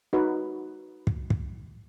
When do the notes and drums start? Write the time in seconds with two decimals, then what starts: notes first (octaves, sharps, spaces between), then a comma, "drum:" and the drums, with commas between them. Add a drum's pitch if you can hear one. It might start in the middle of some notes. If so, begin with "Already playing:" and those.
0.13 D#4 F#4 B4
1.07 drum: kick
1.30 drum: kick